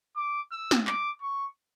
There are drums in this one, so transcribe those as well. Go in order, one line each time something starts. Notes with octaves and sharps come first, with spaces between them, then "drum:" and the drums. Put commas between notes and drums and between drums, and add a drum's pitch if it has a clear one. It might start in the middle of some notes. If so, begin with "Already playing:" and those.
D6
E6
drum: snare
D6, drum: clap
C#6